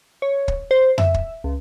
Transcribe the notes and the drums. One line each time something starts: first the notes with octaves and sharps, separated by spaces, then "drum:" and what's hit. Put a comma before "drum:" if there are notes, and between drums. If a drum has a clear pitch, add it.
C#5
drum: kick
C5
E5, drum: tom F2
drum: kick
C#2